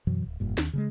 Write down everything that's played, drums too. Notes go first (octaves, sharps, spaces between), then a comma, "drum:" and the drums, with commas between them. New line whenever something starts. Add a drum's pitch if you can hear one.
F#2 B2 E3 F#3
D1
F1 G2 A#2
D#2, drum: snare
C#3 G3 G#3